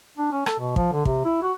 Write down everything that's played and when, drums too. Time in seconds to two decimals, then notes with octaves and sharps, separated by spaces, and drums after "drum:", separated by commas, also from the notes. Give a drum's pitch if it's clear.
0.17 D4
0.32 C#4
0.46 A4, drum: rim click
0.59 B2
0.76 F3, drum: kick
0.92 D3
1.05 C3, drum: kick
1.25 E4
1.42 F#4